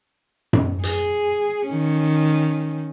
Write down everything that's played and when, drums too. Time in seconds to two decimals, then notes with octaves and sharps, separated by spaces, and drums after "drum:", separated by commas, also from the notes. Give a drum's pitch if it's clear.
0.53 drum: tom F#2
0.83 G#4, drum: hi-hat
1.68 D#3 C#4